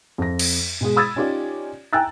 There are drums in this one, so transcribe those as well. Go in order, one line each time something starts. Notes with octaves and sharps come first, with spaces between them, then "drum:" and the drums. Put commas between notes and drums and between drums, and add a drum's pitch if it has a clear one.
F2 A#6
drum: cymbal
B2 G#3 G#4
B5 D#6 E6 G#6 A6
C#4 D#4 F4 G4 D5
G5 G#5 A#5 E6 F#6 A6